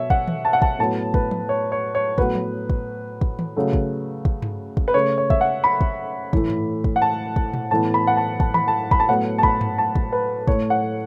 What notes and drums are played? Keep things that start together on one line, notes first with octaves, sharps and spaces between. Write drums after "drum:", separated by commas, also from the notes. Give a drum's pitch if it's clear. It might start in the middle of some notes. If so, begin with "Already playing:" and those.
Already playing: B2 B3 C#5 E5
F#5, drum: kick
drum: tom D#3
A5
F#5
A5, drum: kick
A2 F#3 B3 A5
B4, drum: kick
drum: tom F3
C#5
C#5
C#5
A2 F#3 B3 B4, drum: kick
drum: tom F3
drum: kick
drum: kick
drum: tom D#3
C#3 F#3 A3
drum: kick
drum: kick
drum: tom G2
drum: kick
B4
C#3 A3 C#5
C#5
E5, drum: kick
F#5
B5
drum: kick
A2 E3 A3, drum: kick
drum: tom G2
drum: kick
F#5
A5
drum: kick
drum: tom A#2
A2 E3 B3 A5
B5
F#5
A5
A5, drum: kick
B5, drum: tom D#3
A5
B5, drum: kick
A5
A2 F#3 B3 F#5
A5
B5, drum: kick
drum: tom G2
A5
drum: kick
B4
A2 A3 C#5, drum: kick
F#5